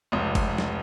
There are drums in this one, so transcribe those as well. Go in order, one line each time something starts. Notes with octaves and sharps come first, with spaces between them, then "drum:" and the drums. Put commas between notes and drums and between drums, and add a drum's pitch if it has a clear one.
F1 C#2
drum: kick F#1, cymbal
drum: snare